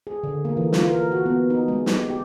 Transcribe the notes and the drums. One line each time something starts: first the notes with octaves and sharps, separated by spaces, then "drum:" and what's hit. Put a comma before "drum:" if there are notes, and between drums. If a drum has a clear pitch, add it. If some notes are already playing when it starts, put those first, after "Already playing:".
G#4
D3
A#3
E3
F4, drum: snare
A#4
F#4
B3
D#4
G#3
G4, drum: snare
G4